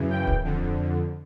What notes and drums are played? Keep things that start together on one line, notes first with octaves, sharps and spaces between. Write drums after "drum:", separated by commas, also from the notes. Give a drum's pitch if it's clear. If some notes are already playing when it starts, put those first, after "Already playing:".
Already playing: F#2 C#3 E3
G5
drum: kick D1
F2 D3